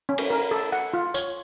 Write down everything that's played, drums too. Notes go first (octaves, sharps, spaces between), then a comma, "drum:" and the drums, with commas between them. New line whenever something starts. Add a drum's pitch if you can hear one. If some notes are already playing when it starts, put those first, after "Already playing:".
C#4
drum: cymbal
A#4
A4
F#5
F4
C#5, drum: tambourine